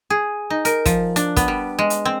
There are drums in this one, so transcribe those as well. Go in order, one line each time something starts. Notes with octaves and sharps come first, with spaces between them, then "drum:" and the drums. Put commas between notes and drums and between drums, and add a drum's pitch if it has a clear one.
G#4
D#4
A#4, drum: hi-hat
F3, drum: kick, hi-hat
D4, drum: hi-hat
B3, drum: kick, hi-hat
G3
G#3
drum: hi-hat
C4